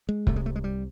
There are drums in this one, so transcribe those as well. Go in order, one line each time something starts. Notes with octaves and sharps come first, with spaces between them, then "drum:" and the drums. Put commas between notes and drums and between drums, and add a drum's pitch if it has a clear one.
G#3
C2 C3 A3, drum: kick
G#3
A3
G#3
G3